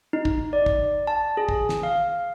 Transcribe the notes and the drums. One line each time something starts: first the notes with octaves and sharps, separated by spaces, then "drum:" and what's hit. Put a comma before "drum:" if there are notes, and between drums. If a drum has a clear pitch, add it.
D#4
drum: kick
D5
drum: kick
A5
G#4
drum: kick
drum: snare
F5